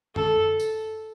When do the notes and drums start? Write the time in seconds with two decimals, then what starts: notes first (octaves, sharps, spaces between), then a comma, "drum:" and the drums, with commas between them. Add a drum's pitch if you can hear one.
0.16 A4, drum: tom F#2
0.60 drum: tambourine